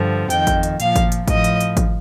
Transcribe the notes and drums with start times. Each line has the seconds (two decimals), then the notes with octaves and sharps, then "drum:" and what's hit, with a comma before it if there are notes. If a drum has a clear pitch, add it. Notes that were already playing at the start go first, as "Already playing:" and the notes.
Already playing: G2 D3 F3
0.30 F2 D#3 G5, drum: hi-hat
0.47 drum: kick G#1, hi-hat
0.63 drum: hi-hat
0.80 A#2 F3 F5, drum: hi-hat
0.96 drum: kick G#1, hi-hat
1.12 drum: hi-hat
1.28 A2 F3 D#5, drum: kick G#1, hi-hat
1.44 drum: hi-hat
1.60 drum: hi-hat
1.77 drum: kick G#1, hi-hat